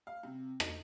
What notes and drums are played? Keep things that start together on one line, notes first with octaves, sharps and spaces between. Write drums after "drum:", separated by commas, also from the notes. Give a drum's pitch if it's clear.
F5
C3
D#4, drum: rim click